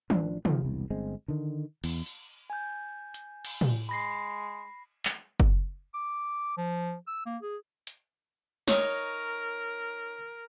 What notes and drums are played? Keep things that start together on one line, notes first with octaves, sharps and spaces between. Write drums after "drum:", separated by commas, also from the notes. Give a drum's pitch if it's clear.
A1 F3 D4, drum: tom
B2 D#3 F3 B3, drum: tom C3
E1 C2
G1 G#3 C4
D3 D#3
E2, drum: cymbal
drum: tambourine
G#5 G6
drum: hi-hat
drum: cymbal
drum: tom
G#3 B5 A#6 C7
drum: clap
drum: kick F#1
D6
F3
E6
A#3
G#4
drum: hi-hat
D#4 A#4 C#5, drum: snare